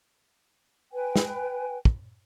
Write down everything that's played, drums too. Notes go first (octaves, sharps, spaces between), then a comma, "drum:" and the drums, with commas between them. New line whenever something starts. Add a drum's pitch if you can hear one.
B4 G5 G#5
drum: snare
drum: kick